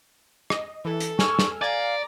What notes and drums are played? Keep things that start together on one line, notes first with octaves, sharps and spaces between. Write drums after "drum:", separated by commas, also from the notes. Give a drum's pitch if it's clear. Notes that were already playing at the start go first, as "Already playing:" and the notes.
D#5, drum: rim click
E3 A4
drum: hi-hat
G#5 C#6 E6 F6, drum: snare
drum: snare
D5 F5 G#5 A#5